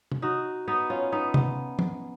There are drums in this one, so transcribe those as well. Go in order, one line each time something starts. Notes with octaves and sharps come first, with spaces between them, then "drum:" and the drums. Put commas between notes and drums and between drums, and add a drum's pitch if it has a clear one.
drum: tom
D#4 F#4
B3 D#4
C#4 F4
B3 D#4
drum: tom C3
drum: tom